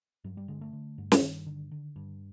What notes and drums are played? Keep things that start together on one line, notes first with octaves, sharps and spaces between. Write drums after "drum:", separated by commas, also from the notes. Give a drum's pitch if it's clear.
G2 F#3
G3
D3 G#3
A3
D3
G2
drum: snare
G2 D#3
D3
D3
G2